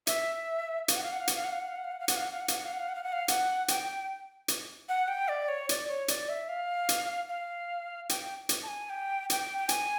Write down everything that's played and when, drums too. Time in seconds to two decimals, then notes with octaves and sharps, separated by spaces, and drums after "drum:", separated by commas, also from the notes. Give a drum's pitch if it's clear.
0.07 E5, drum: hi-hat
0.88 F5, drum: hi-hat
0.96 F#5
1.03 F5
1.12 F#5
1.20 F5
1.27 F#5, drum: hi-hat
1.36 F5
1.44 F#5
1.52 F5
1.60 F#5
1.68 F5
1.76 F#5
1.84 F5
1.91 F#5
2.00 F5
2.08 F#5, drum: hi-hat
2.16 F5
2.24 F#5
2.32 F5
2.40 F#5
2.48 F5, drum: hi-hat
2.55 F#5
2.64 F5
2.72 F#5
2.79 F5
2.89 F#5
2.95 F5
3.04 F#5
3.13 F5
3.28 F#5, drum: hi-hat
3.68 G5, drum: hi-hat
4.48 drum: hi-hat
4.89 F#5
5.08 G5
5.28 D5
5.48 C#5
5.69 D5, drum: hi-hat
5.88 C#5
6.08 D5, drum: hi-hat
6.29 E5
6.49 F5
6.89 drum: hi-hat
7.28 F5
8.09 G5, drum: hi-hat
8.49 drum: hi-hat
8.63 A5
8.68 G#5
8.90 G5
9.30 G5, drum: hi-hat
9.58 G5
9.69 G#5, drum: hi-hat